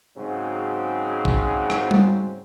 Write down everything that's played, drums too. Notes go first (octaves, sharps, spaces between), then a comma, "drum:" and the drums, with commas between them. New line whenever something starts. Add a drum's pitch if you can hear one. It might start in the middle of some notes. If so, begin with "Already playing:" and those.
G#2 C#3 F#3 C4 F#4
drum: kick
drum: rim click
drum: tom G3